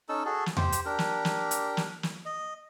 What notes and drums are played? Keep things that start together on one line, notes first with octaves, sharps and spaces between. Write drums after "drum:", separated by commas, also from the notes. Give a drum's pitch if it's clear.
C#4 D#4 A4 E6
F#4 G#4 A4
drum: snare
G4 C5, drum: tom E2
drum: hi-hat
D4 G4 A#4
drum: snare
drum: snare
drum: hi-hat
drum: snare
drum: snare
D#5